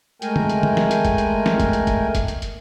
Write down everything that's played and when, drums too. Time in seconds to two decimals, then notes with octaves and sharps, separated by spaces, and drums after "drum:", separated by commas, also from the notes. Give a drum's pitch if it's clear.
0.22 G#3 A3 A#4 G5 G#5, drum: hi-hat
0.36 drum: tom
0.49 drum: hi-hat
0.63 drum: tom
0.77 drum: snare
0.91 drum: hi-hat
1.05 drum: kick, hi-hat
1.18 drum: hi-hat
1.46 drum: snare
1.60 drum: kick, hi-hat
1.73 drum: hi-hat
1.87 drum: kick, hi-hat
2.15 drum: kick, hi-hat
2.28 drum: hi-hat
2.42 drum: hi-hat